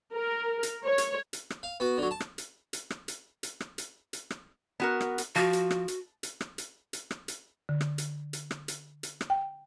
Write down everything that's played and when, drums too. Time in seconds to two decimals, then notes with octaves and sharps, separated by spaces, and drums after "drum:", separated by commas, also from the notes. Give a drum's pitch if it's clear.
0.14 A#4
0.63 drum: hi-hat
0.86 C#5
0.98 drum: hi-hat
1.33 drum: hi-hat
1.50 drum: rim click
1.63 F5
1.80 B3 F#4
1.98 D3 F#3
2.11 A5
2.20 drum: rim click
2.38 drum: hi-hat
2.73 drum: hi-hat
2.90 drum: rim click
3.08 drum: hi-hat
3.43 drum: hi-hat
3.60 drum: rim click
3.78 drum: hi-hat
4.13 drum: hi-hat
4.31 drum: rim click
4.80 B3 F#4 A#4
5.01 drum: rim click
5.18 drum: hi-hat
5.36 F3 F#4
5.53 drum: hi-hat
5.71 drum: rim click
5.88 drum: hi-hat
6.23 drum: hi-hat
6.41 drum: rim click
6.58 drum: hi-hat
6.93 drum: hi-hat
7.11 drum: rim click
7.28 drum: hi-hat
7.69 D3
7.81 drum: rim click
7.98 drum: hi-hat
8.33 drum: hi-hat
8.51 drum: rim click
8.68 drum: hi-hat
9.03 drum: hi-hat
9.21 drum: rim click
9.30 G5